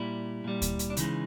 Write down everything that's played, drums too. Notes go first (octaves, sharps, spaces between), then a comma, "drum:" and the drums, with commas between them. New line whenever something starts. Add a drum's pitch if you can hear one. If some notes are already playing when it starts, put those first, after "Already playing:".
Already playing: A#2 G3 E4
A#2 G3
drum: kick D2, hi-hat
drum: hi-hat
D4
C#3 E3 G#3 D#4, drum: hi-hat